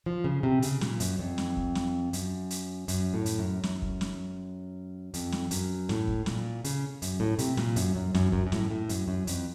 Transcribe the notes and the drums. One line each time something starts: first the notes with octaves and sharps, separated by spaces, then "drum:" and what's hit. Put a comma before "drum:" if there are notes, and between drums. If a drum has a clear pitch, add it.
F3
C#3
C3
C#3, drum: hi-hat
A#2, drum: snare
F#2, drum: hi-hat
F2
drum: snare
drum: kick
drum: snare
F#2, drum: hi-hat
drum: hi-hat
F#2, drum: hi-hat
A2
drum: hi-hat
F#2
F#2, drum: snare
drum: kick
drum: snare
F2, drum: hi-hat
drum: snare
F#2, drum: hi-hat
A2, drum: snare
drum: kick
A#2, drum: snare
C#3, drum: hi-hat
F#2, drum: hi-hat
A2
C3, drum: hi-hat
A#2, drum: snare
F#2, drum: hi-hat
F#2
F#2, drum: snare
F#2, drum: kick
F#2
A2, drum: snare
A2
F#2, drum: hi-hat
F#2
F2, drum: hi-hat